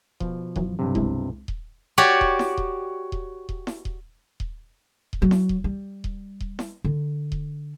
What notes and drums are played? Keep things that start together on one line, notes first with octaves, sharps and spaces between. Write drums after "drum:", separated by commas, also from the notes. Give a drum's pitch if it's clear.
B2 F3, drum: kick D#1
F#2 E3 F#3, drum: kick D#1
B1 G2 C3
C2 G#3 E4, drum: kick D#1
drum: kick D#1
F#4 G4 C#5 D5
drum: kick D#1
drum: snare E4
drum: kick D#1
drum: kick D#1
drum: kick D#1
drum: snare E4
drum: kick D#1
drum: kick D#1
drum: kick D#1
F#3
drum: snare E4
drum: kick D#1
G3
drum: kick D#1
drum: kick D#1
drum: snare E4
D3
drum: kick D#1